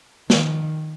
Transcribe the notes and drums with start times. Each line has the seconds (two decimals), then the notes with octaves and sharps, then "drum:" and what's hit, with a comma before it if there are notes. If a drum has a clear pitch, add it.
0.30 D#3, drum: snare